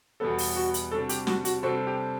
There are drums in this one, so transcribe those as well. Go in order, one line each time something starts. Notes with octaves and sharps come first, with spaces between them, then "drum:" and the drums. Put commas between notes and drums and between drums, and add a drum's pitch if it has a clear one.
E2 B2 G3 B3 A4
drum: open hi-hat
F#4
drum: hi-hat
C3 G3 D4 F#4 A4
G4, drum: hi-hat
F#4, drum: snare
F#4, drum: hi-hat
C3 G3 D4 F#4 A4 C5
G4